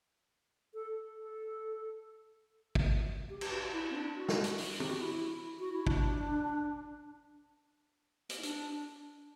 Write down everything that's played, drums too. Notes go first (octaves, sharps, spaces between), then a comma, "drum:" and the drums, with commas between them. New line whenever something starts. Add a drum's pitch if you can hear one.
A4
A4
drum: kick
G4
G4, drum: cymbal
F#4
E4
C4
D4
F#4
drum: snare
drum: hi-hat
drum: open hi-hat
G4, drum: tom
F#4
E4
F#4
E4
D4, drum: kick
drum: hi-hat
E4
D4, drum: hi-hat